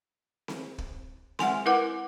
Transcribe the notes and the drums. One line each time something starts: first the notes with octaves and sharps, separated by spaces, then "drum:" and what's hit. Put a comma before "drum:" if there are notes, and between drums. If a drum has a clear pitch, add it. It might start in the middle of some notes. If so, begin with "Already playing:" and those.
drum: snare C4
drum: kick
G#3 F#5 G#5 C6, drum: snare C4
E4 A#4 B4 F#5 D6